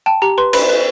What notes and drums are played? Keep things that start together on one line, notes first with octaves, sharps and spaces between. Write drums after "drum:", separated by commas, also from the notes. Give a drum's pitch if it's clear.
G5 A5
G4 A#5
B4 C6
B4 B5, drum: cymbal
B4